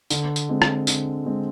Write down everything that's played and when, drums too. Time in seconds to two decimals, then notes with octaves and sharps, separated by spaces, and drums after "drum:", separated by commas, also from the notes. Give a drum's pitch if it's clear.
0.10 D3, drum: tambourine
0.36 drum: tambourine
0.49 G#3 C4
0.62 drum: rim click
0.87 D3, drum: tambourine
1.26 G#3 C4